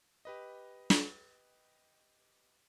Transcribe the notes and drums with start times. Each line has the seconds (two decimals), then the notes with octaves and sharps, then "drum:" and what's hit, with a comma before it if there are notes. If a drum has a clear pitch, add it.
0.25 G4 B4 D#5
0.90 drum: snare